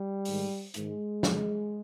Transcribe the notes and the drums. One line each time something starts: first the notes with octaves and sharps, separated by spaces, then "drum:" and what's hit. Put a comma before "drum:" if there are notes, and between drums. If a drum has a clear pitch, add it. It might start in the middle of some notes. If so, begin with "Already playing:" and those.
Already playing: G3
G#2 D#3, drum: open hi-hat
G#2 D#3 G#3, drum: hi-hat
F2 C#3, drum: snare